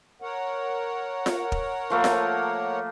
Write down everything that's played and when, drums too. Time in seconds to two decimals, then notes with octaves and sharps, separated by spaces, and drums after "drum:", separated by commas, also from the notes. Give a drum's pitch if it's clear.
0.22 A#4 C#5 F#5
1.26 drum: snare F4
1.52 drum: kick
1.90 F3 A3 A#3
2.04 drum: snare F4